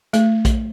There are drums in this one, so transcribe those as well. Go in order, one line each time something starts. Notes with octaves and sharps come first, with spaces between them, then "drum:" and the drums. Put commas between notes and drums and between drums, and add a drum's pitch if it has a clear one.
A3, drum: hi-hat
drum: kick A#1, hi-hat